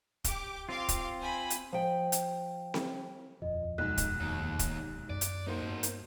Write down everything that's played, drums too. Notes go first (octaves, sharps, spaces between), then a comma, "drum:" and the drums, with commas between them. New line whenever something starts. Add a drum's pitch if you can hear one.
G4 D6, drum: kick, hi-hat
C4 F4 F5 C6 D6
drum: kick, hi-hat
C5 G#5 B5
drum: hi-hat
F3 G5
drum: hi-hat
drum: snare C4
D#1 F2 F3 D#5
B1 G#2 F#6
drum: kick, hi-hat
D#2
drum: kick, hi-hat
F#2 D5
drum: hi-hat
A#3 D#4 F#4 C5
G2 B3
drum: hi-hat